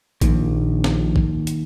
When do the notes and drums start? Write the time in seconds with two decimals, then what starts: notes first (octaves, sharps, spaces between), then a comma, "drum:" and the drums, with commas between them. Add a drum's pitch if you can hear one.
0.21 A#1 D#2, drum: kick, hi-hat
0.84 drum: snare
1.16 drum: kick
1.47 drum: hi-hat